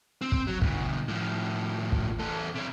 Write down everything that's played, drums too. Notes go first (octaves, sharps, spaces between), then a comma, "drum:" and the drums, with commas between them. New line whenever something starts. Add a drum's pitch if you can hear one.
C4
drum: kick
F#3
D2 B2, drum: kick
A2 F3
drum: kick
E2 A4
C3 C#5